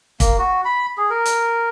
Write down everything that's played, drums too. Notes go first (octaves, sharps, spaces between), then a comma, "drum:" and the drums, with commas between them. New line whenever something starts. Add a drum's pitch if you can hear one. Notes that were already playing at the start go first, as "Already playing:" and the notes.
A#3, drum: kick, hi-hat
F#4
B5
G#4
A#4
drum: hi-hat